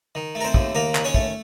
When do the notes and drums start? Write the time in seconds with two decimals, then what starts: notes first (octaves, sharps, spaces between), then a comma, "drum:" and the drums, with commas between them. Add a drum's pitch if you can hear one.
0.15 D#3
0.35 A3
0.41 A#4
0.45 C4 C5
0.54 D#2, drum: kick
0.75 D#2 A#3 A#4
0.95 D#3, drum: clap
1.04 C#4 C#5
1.14 A3, drum: kick